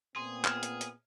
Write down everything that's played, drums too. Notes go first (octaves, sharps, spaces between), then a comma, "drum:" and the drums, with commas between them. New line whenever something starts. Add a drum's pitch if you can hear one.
A#2 B3 C4 G#4 C6
F6 G#6 E7, drum: clap
drum: hi-hat
drum: hi-hat